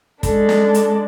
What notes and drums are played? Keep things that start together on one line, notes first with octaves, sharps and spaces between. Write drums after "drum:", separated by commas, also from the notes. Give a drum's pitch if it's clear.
G#3 D4 A4, drum: kick, hi-hat
drum: snare
drum: hi-hat